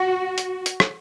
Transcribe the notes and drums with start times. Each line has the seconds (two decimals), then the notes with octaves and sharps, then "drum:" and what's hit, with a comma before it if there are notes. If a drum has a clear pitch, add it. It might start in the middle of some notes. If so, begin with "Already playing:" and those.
Already playing: F#4
0.38 drum: hi-hat
0.66 drum: hi-hat
0.80 drum: rim click